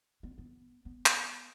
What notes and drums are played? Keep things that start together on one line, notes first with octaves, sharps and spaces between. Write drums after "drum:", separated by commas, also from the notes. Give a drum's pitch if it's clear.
B3
B3
B3
drum: clap